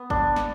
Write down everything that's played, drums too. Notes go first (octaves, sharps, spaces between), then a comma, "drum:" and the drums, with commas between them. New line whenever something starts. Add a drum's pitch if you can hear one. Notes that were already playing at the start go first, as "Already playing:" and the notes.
Already playing: B3
D4, drum: kick G1
drum: snare